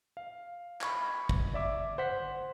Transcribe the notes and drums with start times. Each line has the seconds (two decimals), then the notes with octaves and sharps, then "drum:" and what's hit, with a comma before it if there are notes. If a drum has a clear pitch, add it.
0.17 F5
0.81 B5 C#6 G#6, drum: clap
1.29 drum: kick
1.54 D5 E5 D6
1.98 C5 F#5 B6